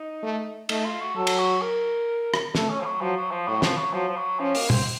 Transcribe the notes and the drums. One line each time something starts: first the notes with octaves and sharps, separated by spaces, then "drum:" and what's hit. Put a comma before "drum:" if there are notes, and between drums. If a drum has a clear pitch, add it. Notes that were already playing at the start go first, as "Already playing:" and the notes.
Already playing: D#4
A3
A3 D#4, drum: cymbal
F4
F#4
F#3 A4
drum: cymbal
F#4
A#4
drum: rim click
A3 A4, drum: snare
C#4
F3
F#3
F3 F#3
F#3
F3
A2 F#3
F3, drum: snare
F#3
F3 F#3
F3
F#3
F3 C#4
A#3, drum: open hi-hat
C4, drum: tom